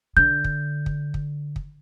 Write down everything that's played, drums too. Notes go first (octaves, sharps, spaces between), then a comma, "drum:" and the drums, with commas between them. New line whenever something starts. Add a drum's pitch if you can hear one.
D3 G6
drum: kick
drum: kick
drum: kick
drum: kick